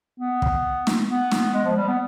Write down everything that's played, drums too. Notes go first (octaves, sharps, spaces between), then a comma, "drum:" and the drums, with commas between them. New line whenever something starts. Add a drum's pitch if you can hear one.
B3
drum: kick
drum: snare
B3
drum: snare
G#3
F3
G3
B3